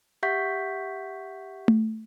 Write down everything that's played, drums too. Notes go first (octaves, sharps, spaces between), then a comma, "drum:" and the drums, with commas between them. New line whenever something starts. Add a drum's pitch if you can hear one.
G4 E5 F#5 C#6 G6 B6
drum: tom A3